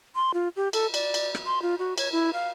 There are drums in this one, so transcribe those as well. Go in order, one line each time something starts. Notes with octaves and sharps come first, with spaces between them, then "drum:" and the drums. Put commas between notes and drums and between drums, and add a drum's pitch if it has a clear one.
C6
F4
G4
A4, drum: cymbal
D5, drum: cymbal
drum: cymbal
drum: rim click
C6
F4
F#4
C#5, drum: cymbal
E4
F5